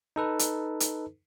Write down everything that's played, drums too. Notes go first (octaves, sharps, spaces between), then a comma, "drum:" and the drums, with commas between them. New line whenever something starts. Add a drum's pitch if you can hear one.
D#4 A4 B4
drum: hi-hat
drum: hi-hat